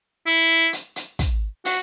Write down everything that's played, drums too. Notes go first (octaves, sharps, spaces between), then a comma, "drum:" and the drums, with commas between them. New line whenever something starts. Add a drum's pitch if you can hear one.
E4
drum: hi-hat
drum: hi-hat
drum: kick, hi-hat
F#4, drum: open hi-hat